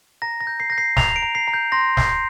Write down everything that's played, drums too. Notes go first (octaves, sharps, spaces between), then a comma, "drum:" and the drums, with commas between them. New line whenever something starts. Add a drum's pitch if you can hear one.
A#5 A#6
A#6
G6
C7
G6 A#6
C7
A#5 F7, drum: snare
D7
A#5
C7
A#5
G6
C6 A#6
G6 C7, drum: snare